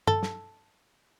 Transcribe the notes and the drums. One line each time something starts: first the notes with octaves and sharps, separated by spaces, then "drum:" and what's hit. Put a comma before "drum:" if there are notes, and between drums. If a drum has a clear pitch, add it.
A4, drum: tom G2
drum: snare